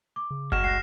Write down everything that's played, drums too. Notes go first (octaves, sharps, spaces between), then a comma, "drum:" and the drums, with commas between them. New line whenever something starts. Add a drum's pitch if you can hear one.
D6
C#3
G#3 F#4 F6 E7, drum: kick F#1
C2 F#5 F#6 A#6 C7